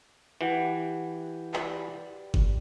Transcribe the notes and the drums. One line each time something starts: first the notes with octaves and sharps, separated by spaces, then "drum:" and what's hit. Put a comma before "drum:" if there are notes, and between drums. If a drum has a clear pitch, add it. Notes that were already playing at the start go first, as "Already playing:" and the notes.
E3 G4 F#5
G4 B4 D5, drum: clap
drum: kick G1